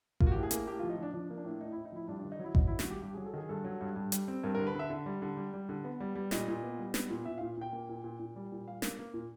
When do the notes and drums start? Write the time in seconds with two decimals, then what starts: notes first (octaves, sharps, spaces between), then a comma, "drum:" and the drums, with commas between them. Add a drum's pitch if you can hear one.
0.20 A#3 F4, drum: kick G#1
0.27 F#4
0.32 A2 G4
0.43 G#4
0.51 A#3, drum: hi-hat
0.67 A2 G4
0.79 F3 F4
0.90 D#4
0.98 F3 D4
1.14 F3 D4
1.30 A#3
1.38 D4
1.45 A2
1.61 A2 D#4
1.72 A2 E4
1.85 D#4
1.92 F3 E4
2.08 G2 D4
2.19 D#3 D4
2.32 D#4
2.40 F#3 E4
2.55 F#3 D#4, drum: kick G#1
2.67 D#3 E4
2.79 F#4, drum: snare
2.86 G2 G4
3.02 G2 G4
3.14 F#3 G#4
3.26 A4
3.33 D#3 G#4
3.49 G2 A4
3.64 F#3
3.81 G2
3.96 G2
4.12 G3, drum: hi-hat
4.28 C4
4.44 G2 A#4
4.55 D3 A#4
4.67 B4
4.75 D3 E5
4.90 D3
5.06 G3
5.22 D3
5.37 G3
5.54 G3
5.69 D3
5.84 B3
6.00 G3
6.15 G3
6.31 A#2 D#5, drum: snare
6.48 A#2
6.63 B3
6.79 G3
6.94 B3, drum: snare
7.10 A#2
7.25 A#2 E5
7.38 A#2 F5
7.57 A#2 G5
7.73 A#3
7.89 A#2
8.04 A#2
8.19 A#2
8.36 G3
8.52 A#2
8.68 G3 F5
8.82 A#3, drum: snare
8.99 A#3
9.14 A#2